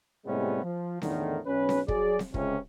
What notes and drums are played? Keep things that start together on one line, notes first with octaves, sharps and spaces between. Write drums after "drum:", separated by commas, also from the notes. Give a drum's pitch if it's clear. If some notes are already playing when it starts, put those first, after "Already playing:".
A2 C3 G3 G#3 B3 C#4
F3
E2 A2 D3 D#3, drum: snare C4
B1 C#4 B4
drum: snare C4
F#3 G#4 D5, drum: kick
drum: snare C4
C#2 C3 C#4, drum: kick